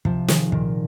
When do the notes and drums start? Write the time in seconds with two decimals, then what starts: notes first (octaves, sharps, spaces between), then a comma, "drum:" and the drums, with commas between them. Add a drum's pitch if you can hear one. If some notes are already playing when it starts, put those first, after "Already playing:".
0.05 C3 F3, drum: kick
0.28 D#3 G#3, drum: snare
0.52 A#2 D#3, drum: kick